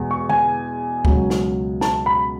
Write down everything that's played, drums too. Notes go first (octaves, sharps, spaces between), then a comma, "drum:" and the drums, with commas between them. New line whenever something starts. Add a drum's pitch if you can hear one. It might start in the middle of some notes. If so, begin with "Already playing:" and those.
Already playing: E2 B2 G#3
C#6
G#5, drum: tom D3
C#2 B2 F#3, drum: kick
drum: snare
A5, drum: snare
B5